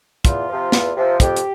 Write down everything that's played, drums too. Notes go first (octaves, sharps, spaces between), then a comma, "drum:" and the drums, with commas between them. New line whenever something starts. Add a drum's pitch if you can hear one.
E2 F4, drum: kick, hi-hat
C3 F3
E2, drum: snare
C3 F3
F2 G4, drum: kick, hi-hat
drum: hi-hat